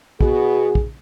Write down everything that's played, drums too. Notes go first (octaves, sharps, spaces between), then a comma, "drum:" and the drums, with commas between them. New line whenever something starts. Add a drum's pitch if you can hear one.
B2 B3 F#4 G#4, drum: kick
drum: kick